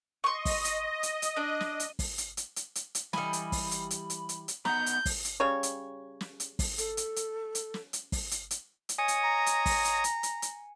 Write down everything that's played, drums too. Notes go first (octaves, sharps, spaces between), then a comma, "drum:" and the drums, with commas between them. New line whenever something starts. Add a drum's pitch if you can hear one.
D#5 C6 C#6
drum: kick, open hi-hat
drum: hi-hat
drum: hi-hat
drum: hi-hat
D4
drum: snare
drum: hi-hat
drum: kick, open hi-hat
drum: hi-hat
drum: hi-hat
drum: hi-hat
drum: hi-hat
drum: hi-hat
E3 G3 D#5 G#5 B5, drum: snare
drum: hi-hat
drum: kick, open hi-hat
drum: hi-hat
drum: hi-hat
drum: hi-hat
drum: hi-hat
drum: hi-hat
B3 D#4 F#5 A#5 G6, drum: snare
drum: hi-hat
drum: kick, open hi-hat
drum: hi-hat
C#3 G3 C#5
drum: hi-hat
drum: snare
drum: hi-hat
drum: kick, open hi-hat
A4, drum: hi-hat
drum: hi-hat
drum: hi-hat
drum: hi-hat
drum: snare
drum: hi-hat
drum: kick, open hi-hat
drum: hi-hat
drum: hi-hat
drum: hi-hat
C#5 D#5 G#5 D#6 C#7
drum: hi-hat
A#5
drum: hi-hat
drum: kick, open hi-hat
drum: hi-hat
drum: hi-hat
drum: hi-hat
drum: hi-hat